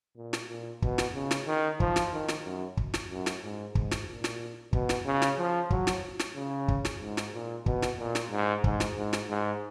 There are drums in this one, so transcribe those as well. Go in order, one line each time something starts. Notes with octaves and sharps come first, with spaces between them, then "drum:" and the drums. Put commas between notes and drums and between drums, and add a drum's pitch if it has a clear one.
A#2
drum: snare
A#2
B2, drum: kick
drum: snare
C#3
drum: snare
D#3
F3, drum: kick
drum: snare
D#3
drum: snare
F#2
drum: kick
drum: snare
F#2
drum: snare
G#2
G#2, drum: kick
drum: snare
A#2
drum: snare
B2, drum: kick
drum: snare
C#3
drum: snare
F3
F#3, drum: kick
drum: snare
drum: snare
C#3
drum: kick
drum: snare
G#2
drum: snare
A#2
B2, drum: kick
drum: snare
A#2
drum: snare
G#2
G#2, drum: kick
drum: snare
G#2
drum: snare
G#2